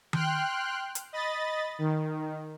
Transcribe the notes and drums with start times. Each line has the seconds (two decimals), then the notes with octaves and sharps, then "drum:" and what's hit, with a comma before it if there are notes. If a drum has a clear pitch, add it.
0.13 G5 C6 F6 F#6, drum: tom D#3
0.95 drum: hi-hat
1.13 D#5 B5 A6
1.78 D#3